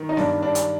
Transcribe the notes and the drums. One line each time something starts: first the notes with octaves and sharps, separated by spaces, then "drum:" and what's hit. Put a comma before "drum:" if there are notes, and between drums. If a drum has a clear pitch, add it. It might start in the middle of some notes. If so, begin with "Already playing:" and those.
Already playing: D#3
D#4
G2 D4, drum: snare B3
G2 D4
drum: hi-hat